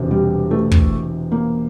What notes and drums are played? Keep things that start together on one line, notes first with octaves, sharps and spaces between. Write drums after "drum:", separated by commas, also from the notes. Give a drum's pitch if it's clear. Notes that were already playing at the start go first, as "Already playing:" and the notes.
Already playing: E1 E2 C3
G3
A3
drum: kick
A#3